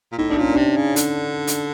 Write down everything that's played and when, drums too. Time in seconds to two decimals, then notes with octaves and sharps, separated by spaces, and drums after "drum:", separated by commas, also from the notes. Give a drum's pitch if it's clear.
0.12 A#2
0.18 A2 D#4
0.30 D4
0.38 A#2 C#4
0.53 C3 D4
0.76 C#3
0.96 D3, drum: hi-hat
1.47 drum: hi-hat